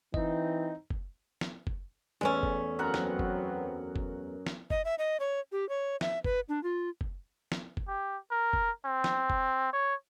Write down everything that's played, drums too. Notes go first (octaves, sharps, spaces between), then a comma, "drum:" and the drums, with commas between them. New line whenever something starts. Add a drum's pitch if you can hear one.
E3 C4 D#4 D#5, drum: kick F#1
drum: kick F#1
drum: snare
drum: kick F#1
E2 G#3 A3 C#4
drum: kick F#1
F#2 F#3 B3 C4 A#4 F#5
drum: snare
drum: kick F#1
drum: kick F#1
drum: snare
D#5, drum: kick F#1
E5
D#5
C#5
G4
C#5
E5, drum: snare
B4, drum: kick F#1
D4
F4
drum: kick F#1
drum: snare
drum: kick F#1
G4
A#4
drum: kick F#1
C4
drum: snare
drum: kick F#1
C#5